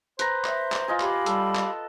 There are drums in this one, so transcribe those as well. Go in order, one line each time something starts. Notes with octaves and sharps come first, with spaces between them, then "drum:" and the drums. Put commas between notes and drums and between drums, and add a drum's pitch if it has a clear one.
B4 C5 A#5, drum: hi-hat
E5, drum: clap
drum: clap
F4 D#5 G#5
G4 F5 B5, drum: clap
G3 A4, drum: hi-hat
drum: clap